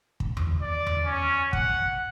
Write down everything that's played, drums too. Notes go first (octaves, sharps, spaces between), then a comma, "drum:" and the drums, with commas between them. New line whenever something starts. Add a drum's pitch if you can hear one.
drum: kick
drum: tom E2
D5
drum: tom E2
C#4
F#5, drum: kick